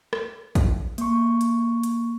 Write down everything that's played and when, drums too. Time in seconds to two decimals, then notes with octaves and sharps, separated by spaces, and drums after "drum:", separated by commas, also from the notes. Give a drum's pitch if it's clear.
0.13 drum: rim click
0.55 drum: kick, hi-hat
0.98 A#3 C#6, drum: hi-hat
1.41 drum: hi-hat
1.83 drum: hi-hat